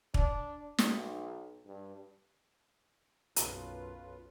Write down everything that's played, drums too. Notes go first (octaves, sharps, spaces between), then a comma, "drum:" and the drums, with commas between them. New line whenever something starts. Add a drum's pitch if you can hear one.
D4, drum: kick
B1, drum: snare
G2
B1 F#2 F4 B4, drum: hi-hat